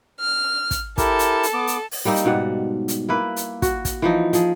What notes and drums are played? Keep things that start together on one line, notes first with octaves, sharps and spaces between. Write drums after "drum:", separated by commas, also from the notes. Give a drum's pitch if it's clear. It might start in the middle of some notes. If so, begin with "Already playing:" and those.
F6
drum: kick, hi-hat
E4 G4 A4 A#4, drum: kick, hi-hat
drum: hi-hat
drum: hi-hat
B3 D6
drum: hi-hat
drum: open hi-hat
G3 A#3 C4 D#4
drum: hi-hat
G#2 B2 G3 F#5
drum: hi-hat
A#3 E4 B4
drum: hi-hat
F#4, drum: kick, hi-hat
drum: kick, hi-hat
E3 F3 D#4
F3 G#4, drum: hi-hat